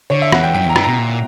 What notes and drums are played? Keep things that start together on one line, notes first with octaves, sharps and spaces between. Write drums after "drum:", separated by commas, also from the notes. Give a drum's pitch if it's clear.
D3 C#5
E5
E2 F#5, drum: rim click
G5
F#2 G5
E2 A#5
G2, drum: rim click
B2 A#5
A#2